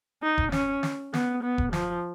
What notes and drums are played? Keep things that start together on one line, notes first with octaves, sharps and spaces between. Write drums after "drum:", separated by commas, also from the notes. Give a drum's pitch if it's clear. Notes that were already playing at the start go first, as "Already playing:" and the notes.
D#4
drum: kick E1
C#4, drum: snare
drum: snare
B3, drum: snare
B3
drum: kick E1
F3, drum: snare